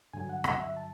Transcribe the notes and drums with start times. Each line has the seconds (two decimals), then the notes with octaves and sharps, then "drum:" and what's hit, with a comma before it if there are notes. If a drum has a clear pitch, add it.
0.13 G2 D3 F#3 G#5
0.29 F#5
0.44 F#5, drum: rim click
0.60 E5
0.77 A5